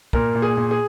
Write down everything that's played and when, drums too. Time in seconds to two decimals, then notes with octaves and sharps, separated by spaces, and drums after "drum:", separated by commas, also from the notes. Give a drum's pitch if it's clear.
0.13 A#2 A#4, drum: kick
0.35 A#2
0.42 G#4
0.57 A#2
0.71 G#4